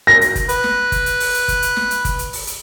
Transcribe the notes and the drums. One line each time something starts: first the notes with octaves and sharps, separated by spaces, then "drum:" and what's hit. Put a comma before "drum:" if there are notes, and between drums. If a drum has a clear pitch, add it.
A#6
drum: hi-hat
drum: kick G1, hi-hat
B4, drum: hi-hat
drum: snare
drum: kick G1, hi-hat
drum: hi-hat
drum: open hi-hat
drum: hi-hat
drum: kick G1, hi-hat
drum: hi-hat
drum: snare
drum: hi-hat
drum: kick G1, hi-hat
drum: hi-hat
drum: open hi-hat
drum: hi-hat